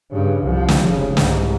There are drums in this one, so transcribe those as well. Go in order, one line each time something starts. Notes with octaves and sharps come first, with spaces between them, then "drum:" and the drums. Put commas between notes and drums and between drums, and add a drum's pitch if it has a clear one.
G2 C#3
C2 F3
drum: snare
F1 C#3
C2 G#2, drum: snare